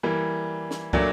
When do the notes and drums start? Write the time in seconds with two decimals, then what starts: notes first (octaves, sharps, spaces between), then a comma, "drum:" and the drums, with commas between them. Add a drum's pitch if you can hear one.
0.03 E3 G3 A#3
0.71 drum: snare
0.93 A#2 F#3 A3 D4, drum: kick